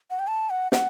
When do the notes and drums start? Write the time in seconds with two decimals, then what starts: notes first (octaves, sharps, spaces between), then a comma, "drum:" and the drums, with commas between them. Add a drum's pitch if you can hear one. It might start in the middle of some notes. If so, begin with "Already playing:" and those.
0.10 F#5
0.19 G5
0.27 A5
0.50 F#5
0.72 F#5, drum: snare